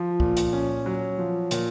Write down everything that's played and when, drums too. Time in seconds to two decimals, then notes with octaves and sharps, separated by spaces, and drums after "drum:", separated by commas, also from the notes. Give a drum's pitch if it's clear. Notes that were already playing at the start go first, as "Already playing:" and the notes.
Already playing: F3
0.20 A#2, drum: kick
0.37 drum: hi-hat
0.53 C#4
0.86 F#3
1.18 F3
1.51 A#2, drum: hi-hat